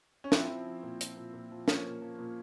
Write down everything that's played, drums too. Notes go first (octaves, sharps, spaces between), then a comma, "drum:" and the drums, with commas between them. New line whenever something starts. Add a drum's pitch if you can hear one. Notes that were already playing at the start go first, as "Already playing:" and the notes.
C#4
F3 C4 E4, drum: snare
F3
F3
A#2
F3, drum: hi-hat
A#2
A#2
F3
F3 A#3 C#4, drum: snare
A#2
F3
A#2